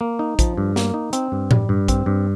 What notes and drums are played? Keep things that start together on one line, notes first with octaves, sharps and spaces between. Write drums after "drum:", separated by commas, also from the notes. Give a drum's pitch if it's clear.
A#3
D#4
F3, drum: kick A#1, hi-hat
G2
A#3, drum: snare
D#4
C4, drum: hi-hat
G2
G3, drum: tom A2
G2
C4, drum: kick A#1, hi-hat
G2